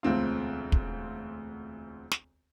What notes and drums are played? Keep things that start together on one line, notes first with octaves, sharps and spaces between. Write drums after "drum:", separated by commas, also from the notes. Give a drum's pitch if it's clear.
E1 D2 C4 F4
drum: kick
drum: snare